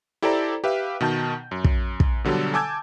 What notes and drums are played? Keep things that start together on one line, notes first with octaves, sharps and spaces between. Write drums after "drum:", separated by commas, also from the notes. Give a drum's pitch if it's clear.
E4 G4 A4 C5 D5 A#5
G4 B4 E5 F5
B2 D#3 A5 G6
F#2
drum: kick
drum: kick
B2 D3 F#3 G3 A4
G#5 A5 D6 E6 G6 G#6